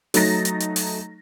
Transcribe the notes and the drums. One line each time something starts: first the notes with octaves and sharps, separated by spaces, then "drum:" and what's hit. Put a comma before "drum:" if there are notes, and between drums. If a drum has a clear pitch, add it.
F#3 A3 D#4 A6 A#6, drum: open hi-hat
drum: hi-hat
drum: hi-hat
drum: open hi-hat